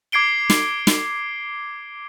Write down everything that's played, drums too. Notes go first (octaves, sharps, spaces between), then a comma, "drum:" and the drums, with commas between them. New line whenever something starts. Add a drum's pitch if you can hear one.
D6 G#6 C7 D7 G7
drum: snare
drum: snare